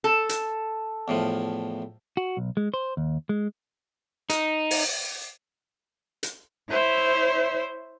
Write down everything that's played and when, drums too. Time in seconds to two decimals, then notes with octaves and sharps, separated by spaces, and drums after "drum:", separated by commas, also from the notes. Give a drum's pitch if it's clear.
0.04 A4
0.29 drum: hi-hat
1.08 E2 A2 F3
2.17 F#4
2.37 B1
2.57 G#3
2.74 C5
2.97 D#2
3.29 G#3
4.30 D#4, drum: hi-hat
4.71 drum: open hi-hat
6.23 drum: hi-hat
6.70 E4 C5 C#5 E5